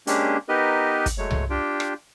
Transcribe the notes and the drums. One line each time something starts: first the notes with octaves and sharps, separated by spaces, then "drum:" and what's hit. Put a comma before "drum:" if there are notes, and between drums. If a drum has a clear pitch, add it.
G#3 A#3 C#4 D4 G4, drum: hi-hat
B3 D#4 G4 A#4 B4 D#5
drum: kick, hi-hat
F#3 G#3 A3 C#5
drum: tom C2
D4 F4 G4 G5
drum: rim click